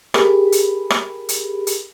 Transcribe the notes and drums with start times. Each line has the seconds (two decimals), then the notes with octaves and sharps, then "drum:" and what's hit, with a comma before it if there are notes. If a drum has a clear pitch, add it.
0.14 G4 G#4 A#4 B5, drum: rim click
0.52 drum: hi-hat
0.90 drum: rim click
1.29 drum: hi-hat
1.67 drum: hi-hat